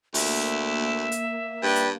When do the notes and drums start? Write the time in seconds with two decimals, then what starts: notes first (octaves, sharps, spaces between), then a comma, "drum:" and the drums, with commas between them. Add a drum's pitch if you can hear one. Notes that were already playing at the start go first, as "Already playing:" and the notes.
0.14 D2 A#3 E5, drum: open hi-hat
1.12 drum: hi-hat
1.63 G2 B4 D5 G5
1.76 drum: hi-hat